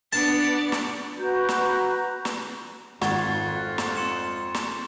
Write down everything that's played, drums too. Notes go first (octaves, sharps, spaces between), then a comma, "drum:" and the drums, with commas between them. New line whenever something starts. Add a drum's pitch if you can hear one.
B3 D4 D5 A5
drum: snare
F#4 B4 A#5 G6
drum: snare
drum: snare
G#1 F2 F#5 C#6 G#6 A6, drum: snare
drum: snare
C6 C#7 E7
drum: snare